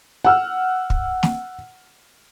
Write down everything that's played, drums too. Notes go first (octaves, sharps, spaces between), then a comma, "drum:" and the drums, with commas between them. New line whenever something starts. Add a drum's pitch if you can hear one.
F#5 E6 F6
drum: kick
drum: snare